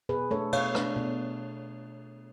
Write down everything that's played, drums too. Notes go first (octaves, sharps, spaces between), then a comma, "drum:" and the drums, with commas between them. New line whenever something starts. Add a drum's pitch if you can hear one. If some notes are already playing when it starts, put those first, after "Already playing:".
B2 G#4 B4
A3 D4 A4 C#5
B2 C#5 F5, drum: cymbal
A3 D4, drum: rim click
B2